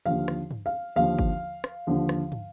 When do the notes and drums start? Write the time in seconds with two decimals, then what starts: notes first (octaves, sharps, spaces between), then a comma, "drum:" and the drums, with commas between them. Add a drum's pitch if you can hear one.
0.06 D#2 D3 F3 F5
0.28 drum: rim click
0.51 drum: tom
0.66 F5
0.96 D#2 D3 F3 F5
1.19 drum: kick G1
1.64 drum: rim click
1.87 D#2 D3 F3
2.09 drum: rim click
2.32 drum: tom